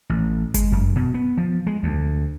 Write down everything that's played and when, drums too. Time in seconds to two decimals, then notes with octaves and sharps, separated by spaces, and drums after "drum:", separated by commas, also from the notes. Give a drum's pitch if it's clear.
0.10 A1
0.54 G#3, drum: kick G1, hi-hat
0.72 F#2
0.96 B2
1.14 B3
1.38 F3
1.67 G#3
1.83 D2